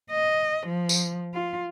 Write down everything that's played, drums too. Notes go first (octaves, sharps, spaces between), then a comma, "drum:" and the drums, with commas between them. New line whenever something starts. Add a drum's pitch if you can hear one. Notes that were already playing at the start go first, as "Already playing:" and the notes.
D#5
F3
drum: tambourine
F4